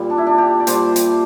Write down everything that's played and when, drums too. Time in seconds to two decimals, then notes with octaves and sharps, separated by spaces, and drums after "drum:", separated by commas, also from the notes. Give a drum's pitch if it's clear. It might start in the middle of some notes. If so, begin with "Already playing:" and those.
Already playing: A#2 G3
0.10 D4
0.18 E4
0.27 D4
0.38 G4
0.60 D5
0.67 A#2 G3 C5, drum: hi-hat
0.96 drum: hi-hat